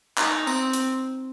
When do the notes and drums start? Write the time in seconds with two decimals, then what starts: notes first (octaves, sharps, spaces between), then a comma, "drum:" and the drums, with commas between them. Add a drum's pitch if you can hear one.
0.18 D#4, drum: clap
0.47 C4, drum: tambourine
0.73 drum: hi-hat